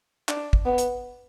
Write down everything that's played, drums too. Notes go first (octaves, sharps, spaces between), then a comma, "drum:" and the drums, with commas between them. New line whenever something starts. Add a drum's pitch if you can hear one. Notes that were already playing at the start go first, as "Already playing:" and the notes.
D4, drum: clap
drum: kick
B3
drum: hi-hat